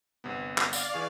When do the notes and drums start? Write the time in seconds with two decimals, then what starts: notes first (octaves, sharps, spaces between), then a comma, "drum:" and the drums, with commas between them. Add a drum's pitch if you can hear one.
0.24 G1 C3 B3
0.58 drum: clap
0.73 D5 F5, drum: tambourine
0.94 E3 G#4 C#6